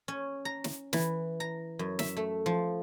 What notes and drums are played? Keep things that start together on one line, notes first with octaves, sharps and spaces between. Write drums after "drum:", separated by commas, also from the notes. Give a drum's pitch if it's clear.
C#4
A#5
drum: snare
E3, drum: snare
A#5
F#2
E5, drum: snare
A3
F3